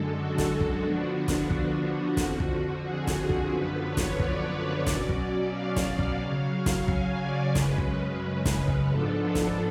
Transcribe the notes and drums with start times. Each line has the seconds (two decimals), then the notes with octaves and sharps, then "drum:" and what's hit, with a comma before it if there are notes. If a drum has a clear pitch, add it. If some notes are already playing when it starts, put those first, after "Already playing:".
Already playing: F#2 D3 G#3 A4
0.16 F#4
0.38 drum: snare
0.61 drum: kick
0.83 D3 F3 B3 D4
1.28 drum: snare
1.50 drum: kick
2.17 F2 D3 F3 F#4, drum: snare
2.40 drum: kick
2.85 G#4
3.07 drum: snare
3.30 drum: kick
3.52 F#2 D3 F3 B3 B4
3.85 C#5
3.97 drum: snare
4.20 D5, drum: kick
4.86 B2 F#3 C#4, drum: snare
5.09 drum: kick
5.53 F5
5.76 drum: snare
5.99 drum: kick
6.21 C#3 F#3 C#4
6.66 drum: snare
6.88 G#5, drum: kick
7.23 D5
7.55 F#2 C#3 G#3 C#4 B4, drum: snare
7.78 drum: kick
8.45 drum: snare
8.68 drum: kick
8.90 G#2 F3 B3 D4 A4
9.35 drum: snare